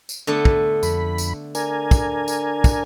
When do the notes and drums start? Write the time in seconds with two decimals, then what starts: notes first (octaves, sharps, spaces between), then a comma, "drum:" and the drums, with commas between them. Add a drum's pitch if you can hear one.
0.09 drum: tambourine
0.27 D3 A3 B3
0.45 drum: kick
0.83 F2 B5, drum: tambourine
1.18 drum: tambourine
1.55 D4 A#4 G#5, drum: tambourine
1.91 drum: kick, tambourine
2.28 drum: tambourine
2.64 drum: kick, tambourine